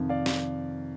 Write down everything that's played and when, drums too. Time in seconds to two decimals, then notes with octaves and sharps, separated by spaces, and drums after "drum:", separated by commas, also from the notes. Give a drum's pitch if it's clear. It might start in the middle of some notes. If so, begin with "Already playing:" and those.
Already playing: F2 C3 D#3
0.09 D5 F5
0.26 drum: snare